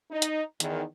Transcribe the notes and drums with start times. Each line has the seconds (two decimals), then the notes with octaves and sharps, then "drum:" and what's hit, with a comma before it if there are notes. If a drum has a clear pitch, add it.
0.11 D#4
0.22 drum: hi-hat
0.60 E2 D#3, drum: hi-hat